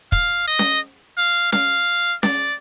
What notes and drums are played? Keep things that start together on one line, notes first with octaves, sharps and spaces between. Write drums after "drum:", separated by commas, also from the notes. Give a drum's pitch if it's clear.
F5, drum: kick
D#5
drum: snare C#4
F5
F5, drum: snare C#4
D5, drum: snare C#4